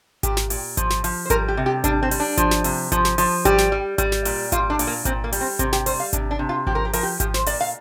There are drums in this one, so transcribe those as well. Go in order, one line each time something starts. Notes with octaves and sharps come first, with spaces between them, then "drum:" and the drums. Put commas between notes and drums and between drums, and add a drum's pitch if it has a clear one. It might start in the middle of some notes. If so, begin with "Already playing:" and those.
A#2 G4, drum: kick G#1, hi-hat
drum: snare
A#2, drum: open hi-hat
F3, drum: kick G#1, hi-hat
drum: snare
F3, drum: open hi-hat
C5
G3 A#4, drum: kick G#1, hi-hat
G4
C3
G4
G3 D4, drum: kick G#1, hi-hat
C4
G3, drum: open hi-hat
D4
F3, drum: kick G#1, hi-hat
drum: snare
C3, drum: open hi-hat
F3, drum: kick G#1, hi-hat
drum: snare
F3, drum: open hi-hat
G3 G4, drum: kick G#1, hi-hat
drum: snare
G3
G3, drum: kick G#1, hi-hat
drum: snare
A#2, drum: open hi-hat
G3 F4, drum: kick G#1, hi-hat
D4
A#2, drum: open hi-hat
A#3
A#2 C4, drum: kick G#1, hi-hat
A#3
G3, drum: open hi-hat
C4
C3 C4, drum: kick G#1, hi-hat
G4, drum: snare
G3 C5, drum: open hi-hat
F5
C3 D4, drum: kick G#1, hi-hat
D4
C3
F4
F3 G4, drum: kick G#1
A#4
G4
F3 A#4, drum: open hi-hat
G4
F3 G4, drum: kick G#1, hi-hat
C5, drum: snare
A#2 D5, drum: open hi-hat
F5